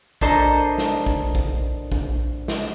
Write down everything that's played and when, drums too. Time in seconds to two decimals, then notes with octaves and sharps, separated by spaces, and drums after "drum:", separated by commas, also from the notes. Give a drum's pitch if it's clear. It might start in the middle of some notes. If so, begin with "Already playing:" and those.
0.21 D4 A4 A#4 C5 D#5, drum: kick A#1
0.78 drum: snare
1.06 drum: kick A#1
1.35 drum: kick A#1
1.92 drum: kick A#1
2.48 drum: snare